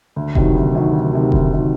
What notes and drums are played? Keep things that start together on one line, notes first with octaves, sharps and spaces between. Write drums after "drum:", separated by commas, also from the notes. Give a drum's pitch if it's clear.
D2
C3 D#3 F#3, drum: kick F1
D2
C3 D#3 F#3
D2
C3 D#3 F#3
D2, drum: kick F1
C3 D#3 F#3